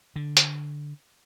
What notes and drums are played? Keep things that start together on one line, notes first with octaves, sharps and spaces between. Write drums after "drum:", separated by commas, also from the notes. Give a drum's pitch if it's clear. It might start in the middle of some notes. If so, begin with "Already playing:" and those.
D3
drum: hi-hat